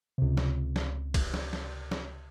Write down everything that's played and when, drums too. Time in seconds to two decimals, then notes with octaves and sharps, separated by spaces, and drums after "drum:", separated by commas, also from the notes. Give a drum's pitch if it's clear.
0.18 C#2 C3
0.37 drum: snare
0.76 drum: snare
1.14 drum: kick, cymbal
1.34 drum: snare
1.53 drum: snare
1.91 drum: snare